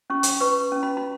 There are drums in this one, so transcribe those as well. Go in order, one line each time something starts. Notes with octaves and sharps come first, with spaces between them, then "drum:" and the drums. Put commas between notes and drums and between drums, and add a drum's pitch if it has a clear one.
C#4 C#6
drum: hi-hat
B4 C#6
C#4
B5
B5